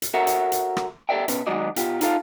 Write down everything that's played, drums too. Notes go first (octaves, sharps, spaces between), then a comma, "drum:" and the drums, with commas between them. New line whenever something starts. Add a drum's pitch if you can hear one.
drum: hi-hat
F#4 A4 A#4 C#5 E5 F#5
drum: hi-hat
drum: hi-hat
drum: rim click
G4 A4 C5 D5 E5 G5
B2 C#4 B4, drum: hi-hat
D#3 F#3 G#3 F#4 D5 D#5
B2 F4 G4, drum: hi-hat
D#4 F4 A4 F5, drum: hi-hat